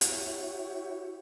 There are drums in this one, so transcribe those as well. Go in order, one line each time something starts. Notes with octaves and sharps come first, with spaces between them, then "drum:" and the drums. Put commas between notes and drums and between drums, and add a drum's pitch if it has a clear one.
E4 F#4 G4 C#5, drum: hi-hat